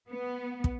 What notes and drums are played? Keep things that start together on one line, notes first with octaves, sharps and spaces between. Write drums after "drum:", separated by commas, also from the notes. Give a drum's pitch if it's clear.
B3
drum: kick